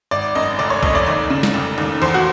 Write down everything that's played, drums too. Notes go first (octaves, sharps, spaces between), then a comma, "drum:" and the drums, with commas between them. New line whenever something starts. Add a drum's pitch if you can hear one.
G#1 D5
F#2 D#5
F1 D5
C#5
F2 D#5, drum: kick B1
D5
D#2
C#3
drum: snare
F1
D#2
E2 C5
F#4